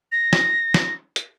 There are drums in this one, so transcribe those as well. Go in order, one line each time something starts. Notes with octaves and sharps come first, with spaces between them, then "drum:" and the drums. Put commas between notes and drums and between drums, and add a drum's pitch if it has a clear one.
A#6
drum: snare
drum: snare
drum: hi-hat